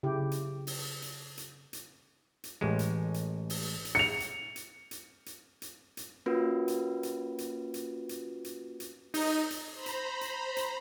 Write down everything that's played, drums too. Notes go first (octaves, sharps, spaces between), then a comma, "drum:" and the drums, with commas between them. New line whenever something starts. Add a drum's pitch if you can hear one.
C#3 E4 G4
drum: hi-hat
drum: open hi-hat
drum: hi-hat
drum: hi-hat
drum: hi-hat
drum: hi-hat
A1 G#3
drum: hi-hat
drum: hi-hat
drum: open hi-hat
drum: hi-hat
C#7 F7
drum: hi-hat
drum: hi-hat
drum: hi-hat
drum: hi-hat
drum: hi-hat
drum: hi-hat
A#3 C#4 F4 F#4 B4
drum: hi-hat
drum: hi-hat
drum: hi-hat
drum: hi-hat
drum: hi-hat
drum: hi-hat
drum: hi-hat
D#4, drum: open hi-hat
drum: hi-hat
C5 A#5 B5
drum: hi-hat
drum: hi-hat
drum: hi-hat